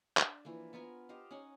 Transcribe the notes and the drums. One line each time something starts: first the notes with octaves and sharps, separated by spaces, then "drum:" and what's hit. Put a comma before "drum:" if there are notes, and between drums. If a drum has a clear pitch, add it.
D4, drum: clap
E3 F3 A#3
B3 F4 A#4 G#5
G4 C5 D#5 F5
C#4 D#4 F#5 G#5